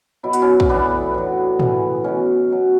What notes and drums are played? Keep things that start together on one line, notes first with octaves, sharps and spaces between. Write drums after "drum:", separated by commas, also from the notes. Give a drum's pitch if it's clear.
B2 F#3 E4
F#4, drum: hi-hat
C#4 E4
drum: kick
A2 E3 B3 D4
A2 F#3
C#3 E3, drum: tom
B2 F#3 C#4
B2 F#3